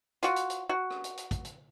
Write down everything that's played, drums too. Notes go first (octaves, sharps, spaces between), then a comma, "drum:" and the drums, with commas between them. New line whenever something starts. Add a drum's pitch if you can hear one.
F4 F#4, drum: hi-hat
drum: hi-hat
drum: hi-hat
F#4
drum: rim click
drum: hi-hat
drum: hi-hat
drum: kick, hi-hat
drum: hi-hat